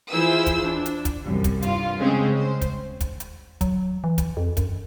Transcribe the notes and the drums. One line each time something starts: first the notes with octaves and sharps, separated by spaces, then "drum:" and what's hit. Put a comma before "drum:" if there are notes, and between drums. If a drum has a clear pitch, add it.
E3 E4 F4 G#4 C5 E6
drum: kick, hi-hat
D4
drum: hi-hat
drum: kick, hi-hat
C2 F#2
drum: kick, hi-hat
G2 F4, drum: hi-hat
C#3 G#3 C4 C#4
C5
drum: kick, hi-hat
drum: kick, hi-hat
drum: hi-hat
F#3, drum: kick, hi-hat
E3
drum: kick, hi-hat
F2
F#2, drum: kick, hi-hat